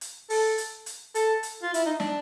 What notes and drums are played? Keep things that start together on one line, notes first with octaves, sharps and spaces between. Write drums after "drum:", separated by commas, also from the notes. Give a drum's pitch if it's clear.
drum: hi-hat
A4, drum: open hi-hat
drum: hi-hat
drum: hi-hat
A4, drum: hi-hat
drum: hi-hat
F4
E4, drum: hi-hat
D#4
D4, drum: snare